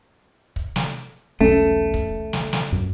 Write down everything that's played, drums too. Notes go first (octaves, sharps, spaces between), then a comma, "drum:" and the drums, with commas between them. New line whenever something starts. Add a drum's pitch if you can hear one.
drum: kick
drum: snare
E1 B1 A3 C#4
drum: kick
drum: snare
drum: snare
F#2